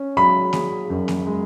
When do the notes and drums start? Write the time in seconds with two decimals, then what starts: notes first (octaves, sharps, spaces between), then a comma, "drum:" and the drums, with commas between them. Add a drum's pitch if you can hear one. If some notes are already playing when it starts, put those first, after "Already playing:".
Already playing: C#4
0.17 F#3 B5
0.53 G#4, drum: snare A#3
0.90 F#2
1.08 drum: snare A#3
1.27 G#3